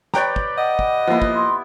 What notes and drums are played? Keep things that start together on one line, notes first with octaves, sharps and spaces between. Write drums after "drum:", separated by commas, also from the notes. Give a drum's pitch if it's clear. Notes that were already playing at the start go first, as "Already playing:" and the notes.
G4 B4 C#5 D5 G5 A#5, drum: snare
drum: kick
D#5 F#5
drum: kick
F3 A#3 B3 E4
drum: kick
C6